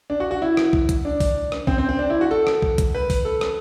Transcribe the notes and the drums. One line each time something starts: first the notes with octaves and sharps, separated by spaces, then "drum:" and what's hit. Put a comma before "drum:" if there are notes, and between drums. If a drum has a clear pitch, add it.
D4
F#4
F#4
E4
drum: rim click
drum: kick
drum: kick, hi-hat
D4
drum: kick, open hi-hat
drum: rim click
C4, drum: kick
C4
C4
D4
E4
F#4
A4
drum: rim click
drum: kick
drum: kick, hi-hat
B4
drum: kick, open hi-hat
A4
drum: rim click